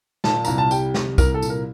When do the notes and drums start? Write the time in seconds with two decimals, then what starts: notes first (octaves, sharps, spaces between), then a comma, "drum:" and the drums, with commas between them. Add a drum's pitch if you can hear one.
0.24 A#2 A5, drum: snare
0.45 C2 A#5, drum: tambourine
0.58 A5
0.71 G3 G5, drum: tambourine
0.94 C2, drum: snare
1.18 C2 A#4, drum: kick C2, tambourine
1.34 A4
1.43 A#2, drum: tambourine
1.50 A#4